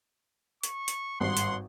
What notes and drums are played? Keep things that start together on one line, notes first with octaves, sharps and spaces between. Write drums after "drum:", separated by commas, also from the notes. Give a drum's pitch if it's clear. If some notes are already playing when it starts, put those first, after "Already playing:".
C#6, drum: hi-hat
drum: hi-hat
G#1 G2 F#5 C6
drum: hi-hat